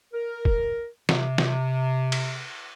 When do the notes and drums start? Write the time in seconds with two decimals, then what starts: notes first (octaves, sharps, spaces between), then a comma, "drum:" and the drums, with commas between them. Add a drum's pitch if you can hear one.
0.13 A#4
0.45 drum: kick
1.09 C3, drum: snare
1.38 drum: snare
2.12 drum: cymbal